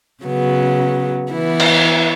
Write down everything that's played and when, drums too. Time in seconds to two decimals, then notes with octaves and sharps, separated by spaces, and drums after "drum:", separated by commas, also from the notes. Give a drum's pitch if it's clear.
0.23 C#3 F#3 B3
1.32 E3 B3 E4
1.60 drum: cymbal